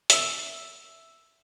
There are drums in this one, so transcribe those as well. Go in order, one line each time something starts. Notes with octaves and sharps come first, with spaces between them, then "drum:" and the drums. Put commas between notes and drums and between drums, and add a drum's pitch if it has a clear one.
E5 E6, drum: hi-hat